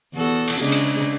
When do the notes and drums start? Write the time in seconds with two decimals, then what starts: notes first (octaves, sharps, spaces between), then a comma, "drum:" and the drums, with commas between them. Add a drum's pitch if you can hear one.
0.14 E2 F#4 A4
0.48 drum: cymbal
0.61 C#3 G#3 D4
0.72 drum: cymbal